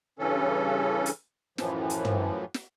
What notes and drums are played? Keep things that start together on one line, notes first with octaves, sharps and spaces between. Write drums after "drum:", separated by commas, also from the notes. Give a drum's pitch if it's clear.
G2 C#3 E3 C#4 A4
drum: hi-hat
F#2 A2 E3 F3, drum: snare
drum: hi-hat
drum: tom
drum: snare